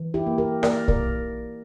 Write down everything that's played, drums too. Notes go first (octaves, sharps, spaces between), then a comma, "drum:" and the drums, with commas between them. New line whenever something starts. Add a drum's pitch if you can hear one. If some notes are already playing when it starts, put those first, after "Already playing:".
Already playing: E3
E4 G4
A#3
G4 A#4
A#3 A#4 D5, drum: rim click
A#4 D5, drum: kick